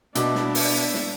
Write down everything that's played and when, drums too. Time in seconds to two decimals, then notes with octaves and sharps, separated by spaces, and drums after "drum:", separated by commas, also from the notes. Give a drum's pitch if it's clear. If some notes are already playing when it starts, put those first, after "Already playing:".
0.15 B2 A#3 B3 D4 E4 E5 D6, drum: hi-hat
0.35 drum: snare
0.55 drum: open hi-hat
0.94 drum: snare